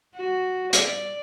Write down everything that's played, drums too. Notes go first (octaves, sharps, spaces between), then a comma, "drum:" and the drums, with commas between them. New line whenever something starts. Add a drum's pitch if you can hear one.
F#4
D5, drum: hi-hat